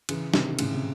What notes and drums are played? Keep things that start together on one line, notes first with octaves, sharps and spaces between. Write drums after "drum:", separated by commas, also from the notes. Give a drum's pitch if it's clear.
C#3 E3, drum: cymbal
C3 D#3, drum: snare
A2 C#3, drum: cymbal
C3